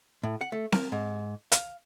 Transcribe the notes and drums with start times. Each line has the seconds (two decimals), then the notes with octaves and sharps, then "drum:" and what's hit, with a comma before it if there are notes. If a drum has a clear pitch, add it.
0.23 A2
0.41 F#5
0.52 A3
0.72 A#4, drum: snare C4
0.92 G#2
1.52 F5, drum: hi-hat